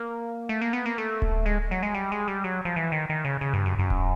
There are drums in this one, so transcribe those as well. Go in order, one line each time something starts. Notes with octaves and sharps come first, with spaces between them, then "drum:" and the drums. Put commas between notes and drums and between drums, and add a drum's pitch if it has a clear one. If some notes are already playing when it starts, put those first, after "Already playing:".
Already playing: A#3
A3
A#3
B3
A#3
A3
drum: kick D1
G#3
F#3
G#3
G3
G#3
G3
F#3
F3
E3
D#3
D#3
C#3
C#3
G2
F#2
F#2
drum: kick D1